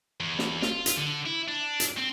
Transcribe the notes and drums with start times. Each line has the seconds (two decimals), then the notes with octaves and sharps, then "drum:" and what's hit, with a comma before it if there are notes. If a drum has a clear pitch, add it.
0.20 E2
0.39 drum: snare
0.62 F4, drum: snare
0.86 drum: hi-hat
0.97 D3
1.26 E4
1.48 D4
1.80 drum: hi-hat
1.98 C4